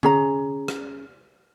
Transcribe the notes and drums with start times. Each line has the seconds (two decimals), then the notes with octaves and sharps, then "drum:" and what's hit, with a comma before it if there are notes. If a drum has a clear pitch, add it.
0.03 C#4 G#4 A#5, drum: tom D3
0.68 drum: rim click